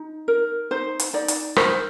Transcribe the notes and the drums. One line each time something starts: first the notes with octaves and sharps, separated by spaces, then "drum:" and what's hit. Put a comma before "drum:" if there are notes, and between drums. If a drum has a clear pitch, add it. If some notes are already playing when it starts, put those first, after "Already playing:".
Already playing: D#4
A#4
D#4 C5
drum: hi-hat
D#4 D5
drum: hi-hat
A#4 C5, drum: rim click